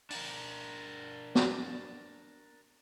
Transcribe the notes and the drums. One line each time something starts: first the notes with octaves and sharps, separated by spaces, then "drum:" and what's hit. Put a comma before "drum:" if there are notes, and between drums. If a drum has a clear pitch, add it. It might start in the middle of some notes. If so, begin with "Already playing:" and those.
D4 A#4, drum: open hi-hat
drum: snare